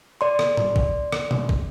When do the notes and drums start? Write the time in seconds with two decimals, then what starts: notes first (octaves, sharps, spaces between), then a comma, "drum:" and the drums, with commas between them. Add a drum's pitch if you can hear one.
0.21 D5 C6
0.39 drum: rim click
0.57 drum: tom A2
0.76 drum: kick
1.12 drum: rim click
1.31 drum: tom B2
1.49 drum: kick